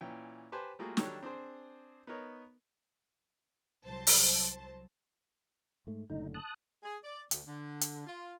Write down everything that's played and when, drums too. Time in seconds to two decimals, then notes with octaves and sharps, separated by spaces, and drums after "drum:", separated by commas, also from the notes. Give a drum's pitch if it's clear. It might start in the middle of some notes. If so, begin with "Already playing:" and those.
0.01 A#2 E3 C#4 G5
0.52 G4 B4 C5 G#5 A5 C6
0.79 G3 A3 A#3 F4 F#4 G#4
0.97 D#3 F#3 G3 D4 A4 C#5, drum: snare
1.23 C4 D4 G#4 C5
2.07 B3 D#4 A#4 C#5
3.86 C2 F#3 C5 A5
4.07 drum: open hi-hat
5.87 G#2 A3
6.10 F#1 A2 D3 D#4
6.34 A5 D#6 F#6
6.83 G#4
7.04 D5
7.31 D2, drum: hi-hat
7.46 D3
7.81 drum: hi-hat
8.05 F4